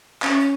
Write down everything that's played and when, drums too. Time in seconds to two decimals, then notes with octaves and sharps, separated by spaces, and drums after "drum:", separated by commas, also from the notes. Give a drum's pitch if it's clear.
0.22 C#4, drum: clap
0.40 drum: hi-hat